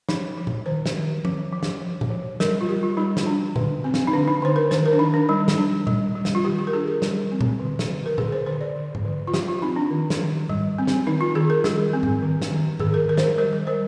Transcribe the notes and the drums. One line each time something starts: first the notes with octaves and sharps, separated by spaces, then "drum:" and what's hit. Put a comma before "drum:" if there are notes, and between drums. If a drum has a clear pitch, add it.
F3 D#4, drum: snare
F3
drum: tom
D#3 C5
drum: snare
D#3
F3, drum: tom F3
F3
drum: snare
F3
drum: tom
F3
G3 A#4, drum: snare
F4
G3 G4
F4
G3 D#4
drum: snare
D4
D3, drum: tom
C4
drum: snare
D#4
D3 D4
D#4
D3 C5
A#4
D#3 C5, drum: snare
A#4
D4
D#3 D#4
D4
G3 D#4
drum: snare
D4
G3, drum: tom A#2
G3
drum: snare
F4
D#3 G4
G4
A#4
D4 G#4
A#4
G3, drum: snare
C4
drum: tom A#2
D3
drum: snare
D3
A#4
D3 G#4, drum: tom
C5
D3 C5
D5
D3
drum: tom G#2
D3
F4
F3 G4, drum: snare
F4
C4 D#4
D4
D#3
drum: snare
D#3
G3, drum: tom G#2
C4
drum: snare
D#3 D#4
F4
D#3 G#4
A#4
G3 G#4, drum: snare
C4
drum: tom G#2
D#3
drum: snare
D#3
D#3 G#4, drum: tom G#2
A#4
D#3 A#4
C5, drum: snare
A#4
G3 A#4
A#4
G3 C5